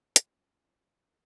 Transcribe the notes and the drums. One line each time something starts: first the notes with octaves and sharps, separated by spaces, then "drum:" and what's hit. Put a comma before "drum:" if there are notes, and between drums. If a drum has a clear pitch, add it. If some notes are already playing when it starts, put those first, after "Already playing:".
C#4 F4, drum: hi-hat